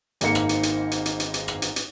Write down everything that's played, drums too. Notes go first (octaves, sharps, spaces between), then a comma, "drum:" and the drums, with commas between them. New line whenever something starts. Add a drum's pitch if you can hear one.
G#1 G#2 A#3 C#7, drum: hi-hat
drum: rim click
drum: hi-hat
drum: hi-hat
drum: hi-hat
drum: hi-hat
drum: hi-hat
drum: hi-hat
drum: rim click
drum: hi-hat
drum: hi-hat